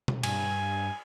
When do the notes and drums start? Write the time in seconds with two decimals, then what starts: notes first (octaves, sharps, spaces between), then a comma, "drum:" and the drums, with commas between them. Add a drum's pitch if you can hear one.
0.08 drum: tom B2
0.23 G2 G#5, drum: cymbal